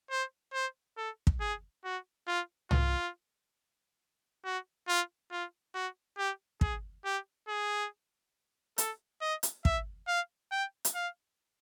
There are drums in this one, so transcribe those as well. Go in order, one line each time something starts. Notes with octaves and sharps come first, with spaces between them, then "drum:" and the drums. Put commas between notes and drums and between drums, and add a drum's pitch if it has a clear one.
C5
C5
A4
drum: kick
G#4
F#4
F4
F4, drum: tom C2
F#4
F4
F4
F#4
G4
G#4, drum: kick
G4
G#4
A4, drum: hi-hat
D#5
drum: hi-hat
E5, drum: kick
F5
G5
drum: hi-hat
F5